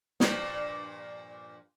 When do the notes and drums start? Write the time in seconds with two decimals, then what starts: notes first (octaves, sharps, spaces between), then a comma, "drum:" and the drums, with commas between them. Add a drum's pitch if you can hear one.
0.20 G2 A#2 F3, drum: snare